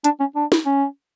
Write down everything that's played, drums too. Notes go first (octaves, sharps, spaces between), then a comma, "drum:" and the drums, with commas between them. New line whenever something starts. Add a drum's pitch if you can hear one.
D4, drum: hi-hat
C#4
D4
drum: snare
C#4